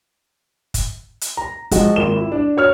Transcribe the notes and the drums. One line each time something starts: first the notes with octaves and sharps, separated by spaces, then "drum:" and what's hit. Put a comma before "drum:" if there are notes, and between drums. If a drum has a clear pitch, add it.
drum: kick, hi-hat
drum: hi-hat
A#5
F3 F#3 G#3 F#4, drum: kick, hi-hat
G#1 A#3 F4 E7 G7
E4
D4
F#4 C#5 F6 F7